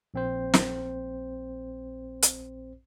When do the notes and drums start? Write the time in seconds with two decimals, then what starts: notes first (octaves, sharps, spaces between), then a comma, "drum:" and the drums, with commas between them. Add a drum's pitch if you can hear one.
0.14 A#1 C4 C5
0.54 drum: snare
2.22 drum: hi-hat